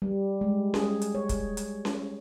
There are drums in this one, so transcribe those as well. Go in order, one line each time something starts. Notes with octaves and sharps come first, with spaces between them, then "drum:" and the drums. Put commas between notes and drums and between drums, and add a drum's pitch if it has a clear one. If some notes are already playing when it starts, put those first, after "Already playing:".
G3
G#3
G#4, drum: snare C#4
drum: hi-hat
C#5
drum: kick, hi-hat
drum: hi-hat
drum: snare C#4